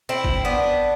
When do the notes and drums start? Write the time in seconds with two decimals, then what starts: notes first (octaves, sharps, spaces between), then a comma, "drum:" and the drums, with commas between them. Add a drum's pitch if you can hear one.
0.09 C4 E4
0.24 drum: kick G1
0.45 B3 D4